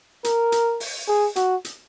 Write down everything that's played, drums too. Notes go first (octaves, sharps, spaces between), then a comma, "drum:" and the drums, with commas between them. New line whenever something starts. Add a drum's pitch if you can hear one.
A#4, drum: hi-hat
drum: hi-hat
drum: open hi-hat
G#4
F#4, drum: hi-hat
drum: hi-hat